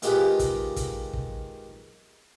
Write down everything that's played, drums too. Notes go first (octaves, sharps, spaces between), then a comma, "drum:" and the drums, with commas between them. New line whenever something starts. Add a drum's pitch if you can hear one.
D#3 G#3 F4 G4 G#4 B4, drum: hi-hat
drum: kick, hi-hat
drum: kick, hi-hat
drum: kick